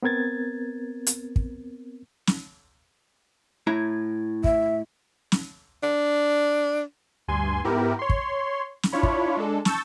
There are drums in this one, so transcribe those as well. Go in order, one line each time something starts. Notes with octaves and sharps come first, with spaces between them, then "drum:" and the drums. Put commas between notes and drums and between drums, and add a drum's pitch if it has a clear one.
B3 C4 A#4 G#6 A6
drum: hi-hat
drum: kick
drum: snare
A2 E4 A#5
E5, drum: kick
drum: snare
D4
D2 G2 G#5 C6
G#2 B3 E4 G4 A#4
C#5 C6
drum: kick
drum: snare
D4 E4 F4 C#5 B5
drum: kick
G#3 D4 A4
A5 C#6 E6 G6 A6, drum: snare